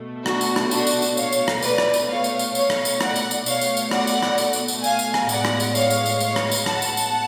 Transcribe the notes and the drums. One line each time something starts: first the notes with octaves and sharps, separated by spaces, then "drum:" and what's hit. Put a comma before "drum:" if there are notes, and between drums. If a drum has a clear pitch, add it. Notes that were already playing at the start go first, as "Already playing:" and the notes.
Already playing: B2 A3
D4 F#4, drum: rim click
drum: tambourine
drum: rim click
D4 F#4, drum: tambourine
drum: tambourine
drum: tambourine
C#5 F5, drum: tambourine
drum: tambourine
drum: rim click
B2 A3 B4 D5, drum: tambourine
drum: rim click
drum: tambourine
C#5 F5
drum: tambourine
drum: tambourine
C#5 F5, drum: tambourine
drum: rim click
drum: tambourine
D5 F#5, drum: rim click
drum: tambourine
drum: tambourine
B2 A3 C#5 F5, drum: tambourine
drum: tambourine
drum: tambourine
D5 F#5, drum: rim click
drum: tambourine
drum: rim click
drum: tambourine
drum: tambourine
drum: tambourine
F5 G#5, drum: tambourine
drum: tambourine
drum: rim click
A2 G#3 B3 D5 F#5, drum: tambourine
drum: rim click
drum: tambourine
C#5 F5, drum: tambourine
drum: tambourine
drum: tambourine
C#5 F5, drum: tambourine
drum: rim click
drum: tambourine
F#5 A5, drum: rim click
drum: tambourine
drum: tambourine